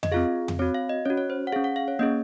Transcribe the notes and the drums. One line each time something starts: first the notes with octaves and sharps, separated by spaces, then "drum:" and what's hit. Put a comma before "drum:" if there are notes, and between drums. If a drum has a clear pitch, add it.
D#5, drum: tom F2
C4 F4 G#4 F5
drum: tom F2
C4 F#4 C#5
F5
D#5
C#4 F#4 C#5
C#5
C5
F#5
C#4 G#4 F5
F#5
F5
C#5
A#3 C#4 G#4 D#5